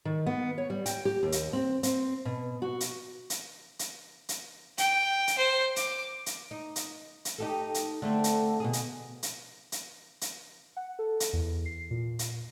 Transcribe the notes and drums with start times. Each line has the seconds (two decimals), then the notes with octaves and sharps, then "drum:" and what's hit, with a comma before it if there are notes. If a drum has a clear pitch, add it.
0.05 D#3
0.26 B3
0.58 C#5
0.70 G3
0.86 G5, drum: hi-hat
1.05 G4
1.23 D#2
1.32 drum: hi-hat
1.53 C4
1.83 C4, drum: hi-hat
2.25 B2
2.62 F#4
2.80 drum: hi-hat
3.30 drum: hi-hat
3.79 drum: hi-hat
4.29 drum: hi-hat
4.78 G5, drum: hi-hat
5.27 drum: hi-hat
5.38 C5
5.76 D6, drum: hi-hat
6.26 drum: hi-hat
6.51 D#4
6.76 drum: hi-hat
7.25 drum: hi-hat
7.38 D#4 G4 A4
7.74 drum: hi-hat
8.02 D3 A3 C4
8.24 drum: hi-hat
8.60 B2 G#4
8.73 drum: hi-hat
9.23 drum: hi-hat
9.72 drum: hi-hat
10.21 drum: hi-hat
10.77 F#5
10.99 A4
11.20 drum: hi-hat
11.33 E2
11.66 C7
11.91 A#2
12.19 drum: hi-hat